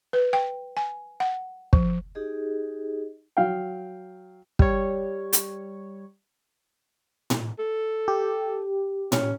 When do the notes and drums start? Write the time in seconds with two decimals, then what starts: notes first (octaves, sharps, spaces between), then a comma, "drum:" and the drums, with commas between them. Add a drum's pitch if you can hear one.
0.13 B4
0.33 G5
0.77 G#5
1.20 F#5
1.73 F3, drum: kick
2.15 D#4 G4 G#4 D#5
3.37 F#3 F5 G5
4.59 G3 C#5, drum: kick
5.33 drum: hi-hat
7.30 drum: tom A2
7.59 A4
8.08 G4
9.12 C#4, drum: tom A2